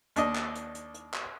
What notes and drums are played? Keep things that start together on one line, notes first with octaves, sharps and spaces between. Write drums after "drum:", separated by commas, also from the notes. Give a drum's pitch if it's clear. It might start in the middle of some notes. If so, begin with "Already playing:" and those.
D#2 D4 D#5, drum: hi-hat
drum: clap
drum: hi-hat
drum: hi-hat
drum: hi-hat
drum: clap